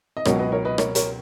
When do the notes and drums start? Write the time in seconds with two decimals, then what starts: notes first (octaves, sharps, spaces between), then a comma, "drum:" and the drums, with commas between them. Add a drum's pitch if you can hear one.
0.17 D#5
0.25 C#2 B2 F#3 A#4 C#5, drum: rim click
0.39 B4 D#5
0.52 A#4 C#5
0.65 B4 D#5
0.78 A#4 C#5, drum: rim click
0.95 A#4 C#5, drum: hi-hat